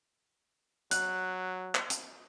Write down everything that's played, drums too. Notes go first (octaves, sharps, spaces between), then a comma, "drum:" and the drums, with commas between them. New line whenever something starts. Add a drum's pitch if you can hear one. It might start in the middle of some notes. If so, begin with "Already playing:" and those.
F#3 F#6, drum: hi-hat
drum: clap
drum: hi-hat